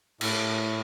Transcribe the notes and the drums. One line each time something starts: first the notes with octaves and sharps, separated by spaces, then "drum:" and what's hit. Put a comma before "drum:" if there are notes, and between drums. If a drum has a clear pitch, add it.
A2, drum: cymbal